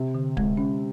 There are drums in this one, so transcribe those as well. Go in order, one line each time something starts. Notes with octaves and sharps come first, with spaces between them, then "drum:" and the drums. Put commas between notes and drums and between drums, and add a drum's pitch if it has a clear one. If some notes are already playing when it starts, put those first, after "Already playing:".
Already playing: C3
D3
G#3, drum: kick D1
C#4